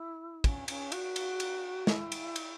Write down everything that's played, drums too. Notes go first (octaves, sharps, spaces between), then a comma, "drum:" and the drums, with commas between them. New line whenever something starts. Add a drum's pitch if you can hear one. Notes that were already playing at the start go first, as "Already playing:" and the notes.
Already playing: E4
C#4, drum: kick, cymbal
C#4, drum: cymbal
F#4, drum: cymbal
drum: cymbal
drum: cymbal
E4, drum: snare
drum: cymbal
drum: cymbal